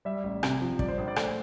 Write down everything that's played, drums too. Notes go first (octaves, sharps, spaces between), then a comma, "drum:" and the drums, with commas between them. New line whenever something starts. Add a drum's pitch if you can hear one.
G3 E5
A1
C3, drum: rim click
F3
G3 D5, drum: kick
C5
A#1
D5
A3 C5, drum: rim click